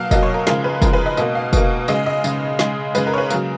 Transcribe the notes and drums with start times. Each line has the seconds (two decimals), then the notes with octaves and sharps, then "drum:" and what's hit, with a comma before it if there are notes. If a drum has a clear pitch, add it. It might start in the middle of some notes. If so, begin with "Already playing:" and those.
Already playing: B2 F#3 A#3 F5
0.11 B2 F#3 A#3 D#5, drum: kick, tambourine
0.23 C#5
0.34 A#4
0.47 C#3 F3 G#3 A#4, drum: snare
0.64 B4
0.82 C#3 F3 G#3 A#4, drum: kick, tambourine
0.93 B4
1.06 D#5
1.17 B2 A#3 D#5, drum: tambourine
1.35 F5
1.53 B2 A#3, drum: kick, tambourine
1.88 C#3 G#3 D#5, drum: tambourine
2.06 D#5
2.24 C#3 G#3, drum: tambourine
2.59 C#3 G#3, drum: snare
2.95 C#3 G#3 B4, drum: tambourine
3.07 A#4
3.14 C#5
3.18 B4
3.30 C#3 F#3 A#3 A#4, drum: tambourine